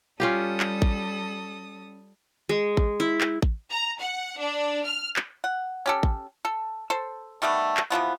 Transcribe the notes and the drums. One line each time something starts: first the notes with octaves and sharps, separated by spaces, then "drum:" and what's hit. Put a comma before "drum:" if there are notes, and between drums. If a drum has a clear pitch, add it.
G3 C#4 F4 G4 A4 D#6
drum: clap
drum: kick A1
G#3
drum: kick A1
E4
drum: clap
drum: kick A1
A#5
F#5
D4
F6
drum: clap
F#5
C#4 G4 A4
drum: kick A1
A4
A4 C5
D#3 G3 A3 B3
drum: clap
C3 E3 F3 B3